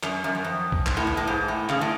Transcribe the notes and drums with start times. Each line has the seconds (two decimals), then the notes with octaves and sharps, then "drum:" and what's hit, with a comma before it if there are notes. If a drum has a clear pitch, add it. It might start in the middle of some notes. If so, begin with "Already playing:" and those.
0.03 F#2, drum: clap
0.24 F#2
0.35 F#2
0.45 F2
0.72 drum: kick A1
0.86 G#2, drum: clap
0.97 A2
1.07 B2
1.17 A2
1.27 G#2
1.48 A2
1.69 C#3, drum: clap
1.81 A2